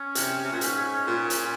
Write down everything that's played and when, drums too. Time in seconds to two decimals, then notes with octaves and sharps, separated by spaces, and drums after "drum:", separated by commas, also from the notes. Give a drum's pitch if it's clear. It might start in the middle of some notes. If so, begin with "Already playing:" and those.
Already playing: C#4
0.15 C3, drum: hi-hat
0.44 C3
0.53 A#2
0.61 G#2, drum: hi-hat
1.07 A#2
1.30 drum: hi-hat